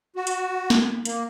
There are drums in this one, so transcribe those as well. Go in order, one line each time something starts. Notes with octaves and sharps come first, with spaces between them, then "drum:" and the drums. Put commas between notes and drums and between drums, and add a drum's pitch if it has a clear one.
F#4
drum: hi-hat
drum: snare
A#3, drum: hi-hat